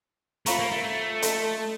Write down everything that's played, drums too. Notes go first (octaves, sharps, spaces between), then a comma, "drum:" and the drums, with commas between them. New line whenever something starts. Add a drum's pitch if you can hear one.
A3 F4 C5 F5 A#5 C#6, drum: hi-hat
A#3
A3
A3
A4 D#5 A5 C6, drum: hi-hat